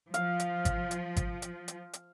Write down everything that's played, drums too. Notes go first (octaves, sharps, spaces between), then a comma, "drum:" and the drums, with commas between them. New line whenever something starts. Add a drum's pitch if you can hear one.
F3 F5, drum: hi-hat
drum: hi-hat
drum: kick G#1, hi-hat
drum: hi-hat
drum: kick G#1, hi-hat
drum: hi-hat
drum: hi-hat
drum: hi-hat